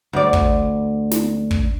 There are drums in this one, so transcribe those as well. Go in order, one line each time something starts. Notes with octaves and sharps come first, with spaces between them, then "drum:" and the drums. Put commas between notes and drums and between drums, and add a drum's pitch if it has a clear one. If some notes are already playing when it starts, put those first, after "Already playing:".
D2 D5
drum: kick
drum: snare
drum: kick